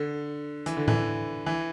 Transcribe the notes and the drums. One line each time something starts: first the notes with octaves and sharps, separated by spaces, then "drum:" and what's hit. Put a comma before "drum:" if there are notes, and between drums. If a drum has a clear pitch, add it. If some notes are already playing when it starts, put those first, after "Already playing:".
Already playing: D3
E3, drum: hi-hat
D3
E3, drum: tom A2
E3